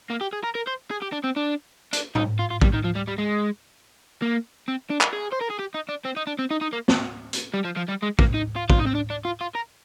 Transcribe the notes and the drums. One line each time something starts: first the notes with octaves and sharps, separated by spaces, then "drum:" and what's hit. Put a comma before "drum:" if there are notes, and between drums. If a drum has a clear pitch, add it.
A#3
G4
G#4
A#4
A#4
C5
G#4
G4
D4
C4
D4
D4, drum: hi-hat
D#4, drum: tom G#2
F4
F4
G3, drum: kick
D#3
F3
G3
G3
G#3
A#3
C4
D4
drum: clap
G#4
C5
A#4
G#4
G4
D#4
D4
C4
D#4
D4
C4
D#4
D#4
A#3
drum: snare
drum: hi-hat
G3
F3
F3
G3
G#3
A#3, drum: kick
D#4
F4
F4, drum: kick
D#4
C4
D4
D4
F4
F4
A#4